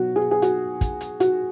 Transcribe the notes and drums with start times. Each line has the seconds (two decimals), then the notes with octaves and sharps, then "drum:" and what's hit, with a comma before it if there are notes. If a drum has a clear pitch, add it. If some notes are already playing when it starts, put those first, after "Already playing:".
Already playing: B2 F#3 F#4
0.16 G#4
0.31 G#4
0.42 F#4, drum: hi-hat
0.81 drum: kick, hi-hat
1.01 drum: hi-hat
1.20 F#4, drum: hi-hat